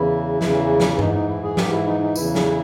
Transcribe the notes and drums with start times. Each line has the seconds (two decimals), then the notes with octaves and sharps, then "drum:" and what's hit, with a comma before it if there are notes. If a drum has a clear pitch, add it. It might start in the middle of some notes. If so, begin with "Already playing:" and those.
Already playing: E2 C#3 E3 E4
0.41 E2 C#3 E3, drum: snare
0.80 drum: snare
0.99 G#2 E3 D#4, drum: tom G2
1.14 D#4
1.29 E4
1.43 G#4
1.57 G#2 E3 G4, drum: snare
1.72 E4
1.87 D#4
2.01 D#4
2.16 E2 C#3 E3 E4, drum: tambourine
2.35 drum: snare